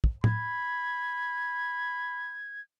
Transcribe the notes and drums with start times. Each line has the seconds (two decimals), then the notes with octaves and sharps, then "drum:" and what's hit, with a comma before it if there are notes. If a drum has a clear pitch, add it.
0.04 drum: kick
0.24 B5 G#6, drum: tom A2